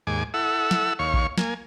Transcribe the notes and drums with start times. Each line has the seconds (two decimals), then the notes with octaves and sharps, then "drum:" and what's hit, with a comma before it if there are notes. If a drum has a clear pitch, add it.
0.07 D#2 G#2 G#5 D6
0.34 E4 A4 F#5 E6
0.71 drum: snare
0.99 D#2 C#5 F5 C#6
1.14 drum: kick
1.38 A#3 G#5, drum: snare